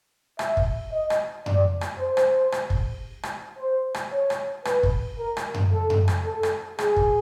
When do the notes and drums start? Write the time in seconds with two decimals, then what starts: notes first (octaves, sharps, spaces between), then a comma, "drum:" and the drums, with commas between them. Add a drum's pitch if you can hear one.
0.39 E5, drum: rim click
0.57 drum: kick
0.92 D#5
1.10 drum: rim click
1.46 D5, drum: tom F#2
1.81 drum: rim click
1.99 C5
2.17 drum: rim click
2.52 drum: rim click
2.70 drum: kick
3.23 drum: rim click
3.59 C5
3.94 drum: rim click
4.12 C#5
4.30 drum: rim click
4.65 B4, drum: rim click
4.83 drum: kick
5.19 A#4
5.37 drum: rim click
5.54 drum: tom F#2
5.73 A4
5.90 drum: tom F#2
6.08 drum: rim click
6.25 A4
6.43 drum: rim click
6.79 G#4, drum: rim click
6.96 drum: kick